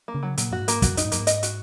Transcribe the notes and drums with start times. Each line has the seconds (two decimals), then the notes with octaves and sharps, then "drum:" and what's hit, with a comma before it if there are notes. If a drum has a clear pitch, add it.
0.08 A#3
0.14 C#3
0.23 F#3
0.38 A#2 F#3, drum: hi-hat
0.51 F#2 F#4
0.59 G#2
0.68 A#3, drum: hi-hat
0.82 F#2 F#4, drum: kick, hi-hat
0.97 D#4, drum: hi-hat
1.05 G#2
1.12 F#2 A#3, drum: hi-hat
1.20 G#2
1.27 D#5, drum: hi-hat
1.43 F#4, drum: hi-hat